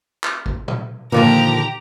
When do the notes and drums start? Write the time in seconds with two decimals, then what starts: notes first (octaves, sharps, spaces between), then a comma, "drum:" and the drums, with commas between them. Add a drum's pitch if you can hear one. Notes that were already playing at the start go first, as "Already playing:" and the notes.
0.24 drum: clap
0.46 drum: kick
0.68 drum: tom
1.12 A#2 D3 D#3 F3 G4 A#5